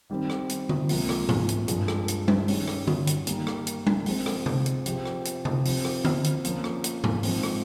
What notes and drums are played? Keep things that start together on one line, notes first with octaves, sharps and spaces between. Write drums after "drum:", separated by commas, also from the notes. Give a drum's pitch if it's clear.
D#3 G3 C4
drum: rim click
drum: hi-hat
drum: tom D3
C#2 C3 F3 A#3 F4, drum: open hi-hat
drum: rim click
drum: tom G#2
drum: hi-hat
G2 F3 G#3, drum: hi-hat
drum: rim click
drum: hi-hat
drum: tom G3
D#3 G3 C#4, drum: open hi-hat
drum: rim click
drum: tom D3
drum: hi-hat
D#3 G3 A#3, drum: hi-hat
drum: rim click
drum: hi-hat
drum: tom G3
F3 G#3 C4, drum: open hi-hat
drum: rim click
drum: tom C3
drum: hi-hat
C3 F3 C4 G4 C5, drum: hi-hat
drum: rim click
drum: hi-hat
drum: tom C3
F3 C4 G4, drum: open hi-hat
drum: rim click
drum: tom D3
drum: hi-hat
F3 A#3 C#4, drum: hi-hat
drum: rim click
drum: hi-hat
drum: tom G#2
G#2 F3 C4, drum: open hi-hat
drum: rim click